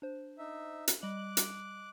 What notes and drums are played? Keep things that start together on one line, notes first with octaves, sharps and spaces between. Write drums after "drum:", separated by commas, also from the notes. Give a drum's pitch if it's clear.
D4 C5
D#4 E5
drum: hi-hat
G3 D#5 D6 F#6 F#7
drum: hi-hat